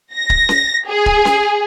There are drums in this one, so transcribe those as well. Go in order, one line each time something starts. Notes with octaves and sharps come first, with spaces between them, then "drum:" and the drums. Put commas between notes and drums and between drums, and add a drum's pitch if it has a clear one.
A#6
drum: kick D1
drum: snare C#4
G#4
drum: kick D1
drum: snare C#4